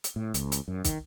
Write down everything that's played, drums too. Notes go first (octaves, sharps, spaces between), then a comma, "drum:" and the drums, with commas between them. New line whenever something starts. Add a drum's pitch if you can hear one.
drum: hi-hat
A2
C#2, drum: hi-hat
drum: hi-hat
F#2
D#3, drum: kick, hi-hat